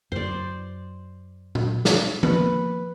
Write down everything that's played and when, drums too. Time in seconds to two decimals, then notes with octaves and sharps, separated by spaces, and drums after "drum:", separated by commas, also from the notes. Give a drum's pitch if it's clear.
0.12 F#2 C5 D5
1.55 drum: tom A#2
1.85 drum: snare
2.23 F3 A#3 B4, drum: tom